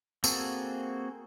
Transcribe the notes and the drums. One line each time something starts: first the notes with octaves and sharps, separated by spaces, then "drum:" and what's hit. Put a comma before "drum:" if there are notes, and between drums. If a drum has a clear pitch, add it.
A#3 C4 F#4 G#4 A4, drum: tambourine